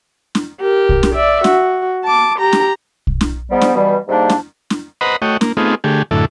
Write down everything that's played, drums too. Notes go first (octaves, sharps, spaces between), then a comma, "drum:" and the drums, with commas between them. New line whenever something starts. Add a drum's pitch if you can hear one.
drum: snare
G4 A#4
drum: kick
drum: snare
D5 E5
F#4, drum: snare
A5 D6
G4 A#5
drum: snare
drum: kick
drum: snare
G#2 G3 B3
drum: snare
G2 B2 E3 G3
G#2 C3 G3 A#3 D4 D#4
drum: snare
drum: snare
B4 C5 D#5 F#5 A#5 B5
A3 F#4 C#5 D#5 G5
A#3, drum: snare
A3 B3 C4 D#4 F4 G#4
D3 A3 G4 G#4
F#2 A2 D3 E4 A4